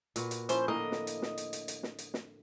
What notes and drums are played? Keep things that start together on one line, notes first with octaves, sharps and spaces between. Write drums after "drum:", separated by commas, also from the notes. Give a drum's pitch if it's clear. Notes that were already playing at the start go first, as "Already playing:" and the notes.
A#2 F#4 B4, drum: hi-hat
drum: hi-hat
F3 C#4 E4 C5, drum: hi-hat
A2 D3 A#3 D#5
drum: snare
drum: hi-hat
drum: snare
drum: hi-hat
drum: hi-hat
drum: hi-hat
drum: snare
drum: hi-hat
drum: snare